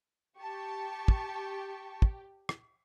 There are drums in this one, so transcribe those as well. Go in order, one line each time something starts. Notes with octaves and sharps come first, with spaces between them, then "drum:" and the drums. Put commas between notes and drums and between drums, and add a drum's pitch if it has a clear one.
G4 A5 C#6
drum: kick
drum: kick
drum: rim click